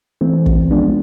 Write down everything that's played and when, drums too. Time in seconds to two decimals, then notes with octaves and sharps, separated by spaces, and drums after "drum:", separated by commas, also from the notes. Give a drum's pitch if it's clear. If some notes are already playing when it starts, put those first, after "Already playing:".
0.21 E3 A3 C4
0.46 drum: kick
0.71 F3 G#3 B3 D4